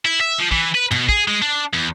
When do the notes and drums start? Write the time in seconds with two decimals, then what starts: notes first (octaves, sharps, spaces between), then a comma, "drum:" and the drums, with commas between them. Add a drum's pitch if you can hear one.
0.05 E4
0.21 E5
0.39 F3
0.51 E3, drum: kick
0.75 B4
0.91 B2, drum: tom
1.09 G#4, drum: kick
1.28 G#3
1.42 D4
1.73 E2